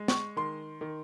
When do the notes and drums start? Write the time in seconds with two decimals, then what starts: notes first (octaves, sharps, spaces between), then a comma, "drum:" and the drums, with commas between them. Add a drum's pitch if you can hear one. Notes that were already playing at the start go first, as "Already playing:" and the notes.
Already playing: G#3
0.08 C#6, drum: snare
0.37 D#3 C6
0.81 D#3